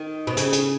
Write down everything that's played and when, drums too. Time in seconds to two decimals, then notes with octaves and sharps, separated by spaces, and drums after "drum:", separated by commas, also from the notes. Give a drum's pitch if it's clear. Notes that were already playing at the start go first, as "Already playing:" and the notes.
Already playing: D#3
0.27 B2
0.37 C#3, drum: hi-hat
0.53 drum: hi-hat